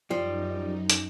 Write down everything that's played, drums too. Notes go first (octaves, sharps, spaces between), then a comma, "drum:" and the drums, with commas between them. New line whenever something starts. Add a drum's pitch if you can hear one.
F#2 F3 G3 D#4
drum: hi-hat